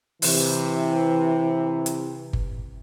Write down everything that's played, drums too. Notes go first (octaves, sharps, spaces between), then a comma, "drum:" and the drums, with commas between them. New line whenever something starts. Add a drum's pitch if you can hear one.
C3 E3, drum: open hi-hat
drum: hi-hat
drum: kick G1